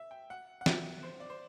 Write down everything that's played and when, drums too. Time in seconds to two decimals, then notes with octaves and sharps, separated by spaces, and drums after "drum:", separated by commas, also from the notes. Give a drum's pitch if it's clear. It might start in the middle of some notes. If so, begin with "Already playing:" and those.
Already playing: E5
0.11 G5
0.30 F#5
0.61 F#5
0.66 E5, drum: snare
1.03 C5
1.20 D5
1.30 C5